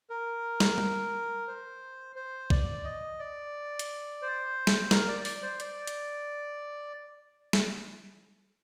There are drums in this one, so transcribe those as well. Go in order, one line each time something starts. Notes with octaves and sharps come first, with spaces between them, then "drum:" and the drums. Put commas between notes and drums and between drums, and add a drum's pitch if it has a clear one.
A#4
drum: snare
drum: tom G3
C5
C5
D5, drum: kick
D#5
D5
drum: hi-hat
C5
drum: snare
A#4, drum: snare
D5
D5, drum: open hi-hat
C5
D5, drum: hi-hat
drum: hi-hat
drum: snare